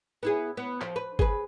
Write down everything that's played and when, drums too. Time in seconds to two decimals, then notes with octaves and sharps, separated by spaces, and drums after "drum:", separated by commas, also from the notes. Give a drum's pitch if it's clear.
0.23 B3 E4 G#4
0.57 B3
0.81 F3, drum: clap
0.96 B4
1.19 G#4 B4, drum: kick G1